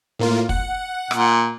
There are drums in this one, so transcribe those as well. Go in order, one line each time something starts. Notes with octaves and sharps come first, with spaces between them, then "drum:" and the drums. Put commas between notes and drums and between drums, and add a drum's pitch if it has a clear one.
A2 A#3 F4
F#5, drum: kick
A#2, drum: rim click